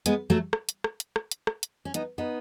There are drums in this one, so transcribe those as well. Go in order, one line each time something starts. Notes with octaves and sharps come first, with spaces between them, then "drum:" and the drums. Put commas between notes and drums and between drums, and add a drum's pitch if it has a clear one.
G#3 B3, drum: hi-hat
F#3 A3
drum: rim click
drum: hi-hat
drum: rim click
drum: hi-hat
drum: rim click
drum: hi-hat
drum: rim click
drum: hi-hat
C#4
B3 D#4, drum: hi-hat
B3 D#4